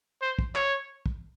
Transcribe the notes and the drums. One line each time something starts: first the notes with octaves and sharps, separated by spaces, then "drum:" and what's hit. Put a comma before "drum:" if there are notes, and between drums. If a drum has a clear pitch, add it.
C5
drum: kick
C#5, drum: clap
drum: kick